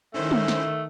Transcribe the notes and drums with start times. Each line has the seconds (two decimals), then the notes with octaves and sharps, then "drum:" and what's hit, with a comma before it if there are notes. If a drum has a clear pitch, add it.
0.14 D#3 A3 C#4 E4 C5
0.31 drum: tom
0.48 drum: snare